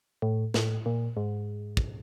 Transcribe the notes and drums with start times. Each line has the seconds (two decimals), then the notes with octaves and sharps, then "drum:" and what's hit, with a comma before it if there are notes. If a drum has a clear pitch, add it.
0.22 A2
0.54 A2, drum: snare
0.86 A#2
1.17 G#2
1.77 drum: kick